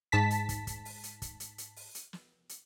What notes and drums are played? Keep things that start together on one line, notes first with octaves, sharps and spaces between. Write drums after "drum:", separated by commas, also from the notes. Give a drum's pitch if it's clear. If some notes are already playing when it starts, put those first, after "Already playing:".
G#2 A5 B6
drum: hi-hat
drum: kick, hi-hat
drum: kick, hi-hat
drum: open hi-hat
drum: hi-hat
drum: kick, hi-hat
drum: hi-hat
drum: hi-hat
drum: open hi-hat
drum: hi-hat
drum: snare
drum: hi-hat